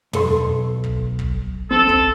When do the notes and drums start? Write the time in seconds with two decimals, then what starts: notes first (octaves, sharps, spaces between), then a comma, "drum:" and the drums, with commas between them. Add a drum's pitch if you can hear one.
0.13 B1 A4 C6, drum: tom
0.84 drum: kick
1.19 drum: kick
1.71 C4 A4
1.89 drum: kick